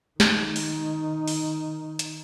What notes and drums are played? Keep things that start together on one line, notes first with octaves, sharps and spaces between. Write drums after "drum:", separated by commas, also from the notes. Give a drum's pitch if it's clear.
D#3 D#4, drum: snare
drum: open hi-hat
drum: open hi-hat
drum: hi-hat